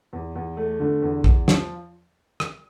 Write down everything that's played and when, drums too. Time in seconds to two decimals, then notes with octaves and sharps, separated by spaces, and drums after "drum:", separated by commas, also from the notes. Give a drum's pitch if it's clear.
0.13 E2
0.35 E2
0.57 A3
0.80 D3
1.02 E2
1.24 E2, drum: kick
1.48 F3, drum: snare
2.40 drum: rim click